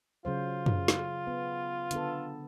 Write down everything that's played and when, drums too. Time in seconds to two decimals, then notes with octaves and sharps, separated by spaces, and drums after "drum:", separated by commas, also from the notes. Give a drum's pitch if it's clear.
0.25 C#3 F#3 F4 C5
0.66 drum: tom F#2
0.88 drum: snare
1.27 B3
1.91 D3 B3 A4, drum: hi-hat